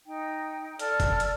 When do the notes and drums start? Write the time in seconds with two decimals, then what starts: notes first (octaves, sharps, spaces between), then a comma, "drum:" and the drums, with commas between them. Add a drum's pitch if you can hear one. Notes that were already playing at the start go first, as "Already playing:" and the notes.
0.07 D#4 G5
0.79 A4 D5 A5 F6, drum: hi-hat
1.00 drum: kick F#1, hi-hat
1.20 drum: hi-hat